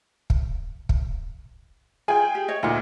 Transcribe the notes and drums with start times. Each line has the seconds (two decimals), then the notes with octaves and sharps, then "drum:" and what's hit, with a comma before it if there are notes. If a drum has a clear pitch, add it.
0.30 drum: kick
0.89 drum: kick
2.08 F4 G#4 G5 G#5
2.35 G4
2.48 C#5 D#5
2.63 D2 A#2 D#4 F#5